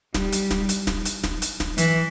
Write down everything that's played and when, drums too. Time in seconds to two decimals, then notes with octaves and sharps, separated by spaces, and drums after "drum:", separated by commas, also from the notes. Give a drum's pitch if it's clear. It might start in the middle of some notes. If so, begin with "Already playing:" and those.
0.14 G3, drum: snare
0.32 drum: hi-hat
0.51 drum: snare
0.69 drum: hi-hat
0.87 drum: snare
1.05 drum: hi-hat
1.23 drum: snare
1.42 drum: hi-hat
1.60 drum: snare
1.78 E3, drum: hi-hat